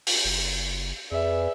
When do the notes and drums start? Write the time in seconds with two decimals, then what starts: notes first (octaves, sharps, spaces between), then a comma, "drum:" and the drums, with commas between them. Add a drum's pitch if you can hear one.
0.07 drum: open hi-hat
0.25 F#1
1.11 F2 G#4 B4 D5 E5